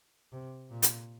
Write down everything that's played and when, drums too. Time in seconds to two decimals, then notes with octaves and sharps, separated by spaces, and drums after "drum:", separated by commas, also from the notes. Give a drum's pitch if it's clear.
0.32 C3
0.70 A#2
0.82 drum: hi-hat